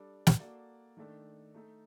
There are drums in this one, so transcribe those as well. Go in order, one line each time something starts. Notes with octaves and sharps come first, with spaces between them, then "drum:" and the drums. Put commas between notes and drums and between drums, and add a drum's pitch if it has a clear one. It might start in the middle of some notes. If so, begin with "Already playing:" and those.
Already playing: G3 D4 A4 D5
drum: snare
A#3 F#4 A4 D5
D#3 A3 D4 A4
A3 D#4 A4